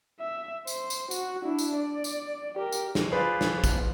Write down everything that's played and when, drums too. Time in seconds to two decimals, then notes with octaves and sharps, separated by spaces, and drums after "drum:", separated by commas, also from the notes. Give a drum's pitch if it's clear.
0.20 E5
0.67 C5, drum: tambourine
0.90 drum: tambourine
1.11 F#4, drum: tambourine
1.43 D4 E4
1.59 drum: tambourine
1.76 D5
2.04 drum: tambourine
2.56 G4 A#4
2.72 drum: tambourine
2.95 drum: snare
3.11 F4 G#4 B4 C5 D5 F5
3.41 drum: snare
3.64 drum: kick A1, tambourine